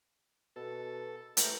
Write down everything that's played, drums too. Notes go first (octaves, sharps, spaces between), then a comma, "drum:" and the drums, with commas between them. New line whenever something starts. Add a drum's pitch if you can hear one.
B2 A4
E3 A3 G4 A#4, drum: hi-hat